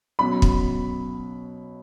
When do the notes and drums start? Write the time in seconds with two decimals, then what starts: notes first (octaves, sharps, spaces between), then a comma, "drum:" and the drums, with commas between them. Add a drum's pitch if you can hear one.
0.19 B2 F#3 C#4 B5
0.42 drum: kick